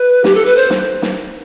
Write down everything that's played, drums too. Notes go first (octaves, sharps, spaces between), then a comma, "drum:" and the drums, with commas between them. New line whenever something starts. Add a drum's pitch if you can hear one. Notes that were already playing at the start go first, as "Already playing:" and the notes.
Already playing: B4
G4, drum: snare
A4
B4
C5
drum: snare
drum: snare